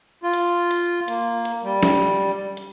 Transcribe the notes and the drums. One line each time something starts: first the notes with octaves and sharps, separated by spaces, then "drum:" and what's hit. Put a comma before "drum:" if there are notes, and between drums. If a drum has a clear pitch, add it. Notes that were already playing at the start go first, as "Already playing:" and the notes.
F4
drum: hi-hat
drum: hi-hat
A#3, drum: hi-hat
drum: hi-hat
G3
drum: snare
drum: hi-hat